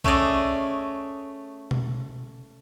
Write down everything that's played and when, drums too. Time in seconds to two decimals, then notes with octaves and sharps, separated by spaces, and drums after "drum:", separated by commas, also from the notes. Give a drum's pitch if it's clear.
0.04 A3 C#4 G#4 D5 D#5, drum: kick B1
1.71 drum: tom B2